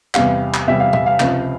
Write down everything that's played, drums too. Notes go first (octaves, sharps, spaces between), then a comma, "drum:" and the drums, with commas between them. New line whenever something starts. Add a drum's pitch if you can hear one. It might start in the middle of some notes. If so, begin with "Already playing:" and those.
E2 C3 G3 F5, drum: clap
drum: clap
E2 C3 G3 E5
F5
E5, drum: tom
F5
C#2 C3 F3, drum: clap